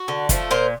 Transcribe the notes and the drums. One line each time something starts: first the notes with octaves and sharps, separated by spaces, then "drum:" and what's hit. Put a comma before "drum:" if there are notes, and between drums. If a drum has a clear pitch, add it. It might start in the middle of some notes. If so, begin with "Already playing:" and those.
Already playing: F#4
D3
F3 A3, drum: kick, hi-hat
A#2 A#4 C5